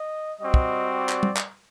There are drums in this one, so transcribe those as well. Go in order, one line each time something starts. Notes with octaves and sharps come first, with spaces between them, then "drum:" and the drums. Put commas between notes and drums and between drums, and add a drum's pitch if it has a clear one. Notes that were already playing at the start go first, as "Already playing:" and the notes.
Already playing: D#5
G3 C4 F#4 D#5
drum: kick
D5
drum: clap
drum: tom G3
drum: clap